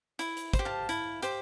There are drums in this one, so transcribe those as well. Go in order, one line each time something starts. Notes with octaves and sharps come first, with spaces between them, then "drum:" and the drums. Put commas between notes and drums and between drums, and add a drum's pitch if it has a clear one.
E4, drum: hi-hat
drum: hi-hat
C5, drum: kick, hi-hat
G4
F5 A5
E4, drum: hi-hat
G4 C5, drum: hi-hat